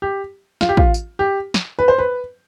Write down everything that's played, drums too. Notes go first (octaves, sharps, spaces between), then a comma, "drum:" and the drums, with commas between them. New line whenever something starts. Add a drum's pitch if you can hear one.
G4
F4, drum: snare
G4
F4, drum: kick
drum: tambourine
G4
drum: snare
B4
C5
B4